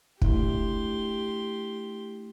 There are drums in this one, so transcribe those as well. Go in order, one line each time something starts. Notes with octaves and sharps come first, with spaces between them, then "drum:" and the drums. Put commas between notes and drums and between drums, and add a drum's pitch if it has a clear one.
A3 D4 E4 G4 C6, drum: kick